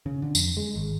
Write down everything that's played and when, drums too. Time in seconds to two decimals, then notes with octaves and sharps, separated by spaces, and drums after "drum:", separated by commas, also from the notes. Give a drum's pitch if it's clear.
0.06 C#3
0.22 D3
0.35 F2, drum: tambourine
0.57 G#3
0.76 G#1